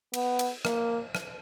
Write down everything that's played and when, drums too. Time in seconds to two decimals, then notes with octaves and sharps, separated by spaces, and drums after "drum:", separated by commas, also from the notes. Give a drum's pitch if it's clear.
0.14 B3, drum: cymbal
0.39 drum: cymbal
0.65 A#3, drum: rim click
1.15 drum: rim click